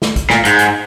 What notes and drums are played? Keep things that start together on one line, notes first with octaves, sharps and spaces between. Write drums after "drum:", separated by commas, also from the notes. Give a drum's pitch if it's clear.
drum: snare
drum: kick, hi-hat
A#2, drum: snare
G#2, drum: hi-hat
drum: hi-hat